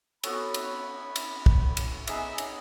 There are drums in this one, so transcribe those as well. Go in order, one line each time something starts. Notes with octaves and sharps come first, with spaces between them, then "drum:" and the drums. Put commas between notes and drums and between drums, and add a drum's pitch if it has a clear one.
B3 F#4 A4 C#5 B5, drum: cymbal
drum: cymbal
drum: cymbal
drum: kick
drum: cymbal
B3 D#4 G#4 E5, drum: cymbal
drum: cymbal